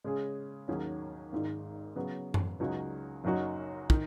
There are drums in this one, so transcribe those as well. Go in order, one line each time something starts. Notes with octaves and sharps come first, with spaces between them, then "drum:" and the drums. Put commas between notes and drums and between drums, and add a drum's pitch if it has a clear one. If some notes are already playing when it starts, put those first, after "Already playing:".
C#3 G#3 C#4 G#4
D#2 D#3 F#3 C#4 G#4
G#1 G#2 D#3
C#3 F#3 B3
drum: tom F#2
C#2 C#3 F#3 D#4 F#4
F#1 F#2 F#3 D#4 F#4
D#3, drum: kick